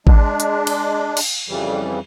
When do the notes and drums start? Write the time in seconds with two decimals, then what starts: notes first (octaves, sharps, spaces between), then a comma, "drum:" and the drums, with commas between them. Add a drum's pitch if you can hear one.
0.07 G#3 D4, drum: kick G#1
0.40 drum: hi-hat
0.67 drum: cymbal
1.17 drum: cymbal
1.49 F2 C#3 E3 G3